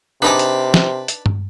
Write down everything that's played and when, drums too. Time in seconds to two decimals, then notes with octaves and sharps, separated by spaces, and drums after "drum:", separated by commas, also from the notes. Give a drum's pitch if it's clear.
0.22 C3 D4 D#4 G#4 B4 A5 D6
0.39 drum: hi-hat
0.74 drum: snare
1.08 drum: hi-hat
1.26 drum: tom G2